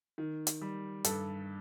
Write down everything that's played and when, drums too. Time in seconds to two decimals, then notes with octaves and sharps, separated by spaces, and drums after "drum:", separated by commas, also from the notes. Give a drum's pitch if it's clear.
0.18 D#3
0.47 drum: hi-hat
0.61 G3
1.04 G2 A4, drum: hi-hat